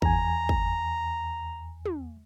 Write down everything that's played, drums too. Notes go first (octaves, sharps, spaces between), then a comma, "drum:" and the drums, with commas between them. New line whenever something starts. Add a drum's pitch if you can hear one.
E2 G#5 A#5, drum: kick
drum: kick
drum: tom